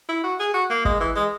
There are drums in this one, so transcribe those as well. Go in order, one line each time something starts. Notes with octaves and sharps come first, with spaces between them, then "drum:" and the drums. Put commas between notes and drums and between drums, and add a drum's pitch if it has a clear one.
E4
F#4
G#4
F#4
A#3
G#3, drum: kick
E3
G#3